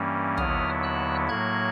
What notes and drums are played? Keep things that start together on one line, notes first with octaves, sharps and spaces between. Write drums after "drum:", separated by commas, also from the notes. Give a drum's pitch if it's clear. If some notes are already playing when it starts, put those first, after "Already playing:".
Already playing: G2 E3 G3 A#3 C#4
D#2 D3 F#3 B3 E4 D#6 F6, drum: tom
E6 F#6
A2 F#3 A#3 F#6 G#6